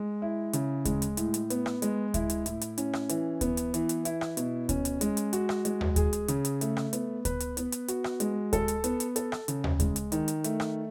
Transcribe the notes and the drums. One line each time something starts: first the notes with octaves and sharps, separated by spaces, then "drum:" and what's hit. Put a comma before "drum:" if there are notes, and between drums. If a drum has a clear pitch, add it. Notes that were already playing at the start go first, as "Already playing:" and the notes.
Already playing: G#3
E4
C#3, drum: hi-hat
G#3, drum: kick D2, hi-hat
drum: hi-hat
A2, drum: hi-hat
drum: hi-hat
B3, drum: hi-hat
drum: rim click
G#3, drum: hi-hat
E4, drum: kick D2, hi-hat
drum: hi-hat
A2, drum: hi-hat
drum: hi-hat
C#4, drum: hi-hat
drum: rim click
E3, drum: hi-hat
B3, drum: kick D2, hi-hat
drum: hi-hat
E3, drum: hi-hat
drum: hi-hat
E4, drum: hi-hat
drum: rim click
B2, drum: hi-hat
C#4, drum: kick D2, hi-hat
drum: hi-hat
G#3, drum: hi-hat
drum: hi-hat
F#4, drum: hi-hat
drum: rim click
G#3, drum: hi-hat
drum: tom D#2
G#4, drum: kick D2, hi-hat
drum: hi-hat
C#3, drum: hi-hat
drum: hi-hat
A3, drum: hi-hat
drum: rim click
B3, drum: hi-hat
B4, drum: kick D2, hi-hat
drum: hi-hat
B3, drum: hi-hat
drum: hi-hat
F#4, drum: hi-hat
drum: rim click
G#3, drum: hi-hat
A4, drum: kick D2, hi-hat
drum: hi-hat
B3, drum: hi-hat
drum: hi-hat
A4, drum: hi-hat
drum: rim click
C#3, drum: hi-hat
drum: tom D#2
G#3, drum: kick D2, hi-hat
drum: hi-hat
D#3, drum: hi-hat
drum: hi-hat
A3, drum: hi-hat
drum: rim click